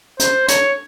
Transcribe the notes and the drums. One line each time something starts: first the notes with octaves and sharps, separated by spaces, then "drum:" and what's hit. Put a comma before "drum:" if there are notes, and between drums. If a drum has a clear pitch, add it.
C5, drum: hi-hat
C#5, drum: hi-hat